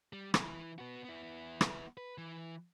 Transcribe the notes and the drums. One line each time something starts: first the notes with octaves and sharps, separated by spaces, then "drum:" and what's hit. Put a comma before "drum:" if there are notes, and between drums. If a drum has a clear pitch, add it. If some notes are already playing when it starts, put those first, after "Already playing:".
G3
E3, drum: rim click
B3 F#4
B3 E4
drum: rim click
B4
E3